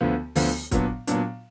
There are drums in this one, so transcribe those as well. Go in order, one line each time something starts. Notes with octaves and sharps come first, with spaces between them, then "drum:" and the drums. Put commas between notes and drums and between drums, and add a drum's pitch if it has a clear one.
D2 D3 F3 B3
D2 D3 F3 B3, drum: open hi-hat
A#2 F#3 B3 D4, drum: kick, hi-hat
A#2 F#3 B3 D4, drum: hi-hat